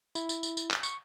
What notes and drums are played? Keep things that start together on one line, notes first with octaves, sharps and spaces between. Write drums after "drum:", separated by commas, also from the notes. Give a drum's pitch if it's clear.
E4, drum: tambourine
drum: tambourine
drum: tambourine
drum: tambourine
drum: clap
C#6, drum: tambourine